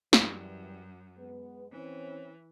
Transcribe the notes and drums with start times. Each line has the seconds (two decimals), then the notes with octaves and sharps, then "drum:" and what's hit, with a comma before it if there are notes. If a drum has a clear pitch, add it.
0.13 F#2 E3 G3, drum: snare
1.16 G#3 B3
1.71 E3 C4 C#4